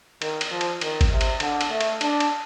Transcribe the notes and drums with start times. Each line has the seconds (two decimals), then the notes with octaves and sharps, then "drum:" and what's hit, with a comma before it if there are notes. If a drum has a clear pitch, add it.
0.22 D#3, drum: cymbal
0.41 drum: cymbal
0.51 F3
0.61 drum: cymbal
0.81 D#3, drum: cymbal
1.01 drum: kick G#1, cymbal
1.11 C3
1.21 drum: cymbal
1.40 D3, drum: cymbal
1.61 drum: cymbal
1.70 A3
1.81 drum: cymbal
2.01 D4, drum: cymbal
2.20 drum: cymbal